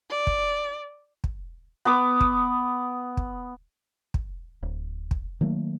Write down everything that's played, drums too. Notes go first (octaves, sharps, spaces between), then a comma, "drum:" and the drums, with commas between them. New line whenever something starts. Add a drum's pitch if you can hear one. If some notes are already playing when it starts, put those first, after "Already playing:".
D5
drum: kick
drum: kick
B3 B5 D6 D#6
drum: kick
drum: kick
drum: kick
D1
drum: kick
D#3 F#3 A3 A#3